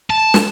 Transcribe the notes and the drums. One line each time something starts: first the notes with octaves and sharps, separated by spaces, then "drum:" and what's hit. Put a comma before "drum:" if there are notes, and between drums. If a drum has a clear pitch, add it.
A5
drum: snare